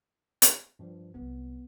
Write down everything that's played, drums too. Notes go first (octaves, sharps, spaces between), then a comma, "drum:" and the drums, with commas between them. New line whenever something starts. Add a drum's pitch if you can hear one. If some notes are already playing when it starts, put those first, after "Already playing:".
drum: hi-hat
G2 F3
C2 F#3 B3